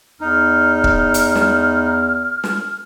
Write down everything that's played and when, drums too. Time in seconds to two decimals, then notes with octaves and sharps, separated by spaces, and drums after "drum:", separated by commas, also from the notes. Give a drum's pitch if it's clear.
0.21 E2 D#4 F6
0.84 drum: kick
1.14 drum: hi-hat
1.35 drum: snare
2.44 drum: snare